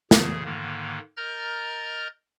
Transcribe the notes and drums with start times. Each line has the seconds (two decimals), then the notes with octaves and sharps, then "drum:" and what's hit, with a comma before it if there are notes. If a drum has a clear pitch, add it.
0.11 A#2 C#3 G#4, drum: snare
0.44 G#2 D3 D#3 A#3
1.17 A#4 D#5 A#5 F6 G6 A6